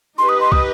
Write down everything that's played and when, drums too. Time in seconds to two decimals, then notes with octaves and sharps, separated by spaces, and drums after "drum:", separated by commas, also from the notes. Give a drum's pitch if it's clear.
0.18 D#4 G4 B4 D#5 C6
0.29 D#6
0.41 C6
0.52 D#6, drum: kick